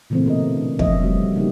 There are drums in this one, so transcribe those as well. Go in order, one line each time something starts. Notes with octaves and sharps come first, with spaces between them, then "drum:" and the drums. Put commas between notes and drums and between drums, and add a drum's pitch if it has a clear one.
A#2 C#3 E3 A3 A#3 C4
B2 A#4 D#5
D4
F3 C#5 D#5 E5, drum: kick
G3 A3 C4 F#4
C#3 A#3 D#4 G4